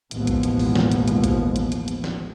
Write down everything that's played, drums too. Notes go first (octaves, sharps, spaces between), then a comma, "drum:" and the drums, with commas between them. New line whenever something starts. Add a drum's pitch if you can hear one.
A1 D#2 B2 F3 G#3 B3, drum: hi-hat
drum: kick, hi-hat
drum: hi-hat
drum: open hi-hat
drum: snare
drum: hi-hat
drum: hi-hat
drum: kick, hi-hat
drum: hi-hat
drum: hi-hat
drum: hi-hat
drum: snare